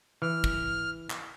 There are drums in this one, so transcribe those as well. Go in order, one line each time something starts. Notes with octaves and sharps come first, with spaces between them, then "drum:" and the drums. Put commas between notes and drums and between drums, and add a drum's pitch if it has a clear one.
E3 F6
drum: kick
drum: clap